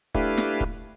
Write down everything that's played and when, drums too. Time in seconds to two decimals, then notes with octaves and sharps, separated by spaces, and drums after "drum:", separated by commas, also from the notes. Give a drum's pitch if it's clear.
0.15 A3 D4 E4 G4 B4 F5, drum: kick
0.38 drum: snare
0.61 drum: kick